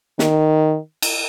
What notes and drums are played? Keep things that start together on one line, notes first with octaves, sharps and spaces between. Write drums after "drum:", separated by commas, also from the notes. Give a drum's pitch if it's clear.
D#3, drum: snare
drum: cymbal